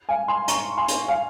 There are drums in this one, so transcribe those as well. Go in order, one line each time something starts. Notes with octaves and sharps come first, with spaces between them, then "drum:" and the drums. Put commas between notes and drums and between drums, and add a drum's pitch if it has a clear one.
F5 G#5
G#5 C6
A#5 C#6, drum: hi-hat
G#5 C6
drum: hi-hat
F5 G#5